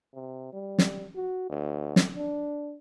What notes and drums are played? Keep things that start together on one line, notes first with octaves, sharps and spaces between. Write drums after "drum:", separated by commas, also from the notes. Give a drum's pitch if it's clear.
C3
G3
drum: snare
F#4
D2
drum: snare
D4